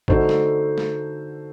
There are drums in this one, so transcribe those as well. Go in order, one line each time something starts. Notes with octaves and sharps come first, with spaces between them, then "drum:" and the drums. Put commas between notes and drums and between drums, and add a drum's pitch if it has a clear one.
D3 A3 D#4 F#4 C5, drum: kick A1
drum: snare A3
drum: snare A3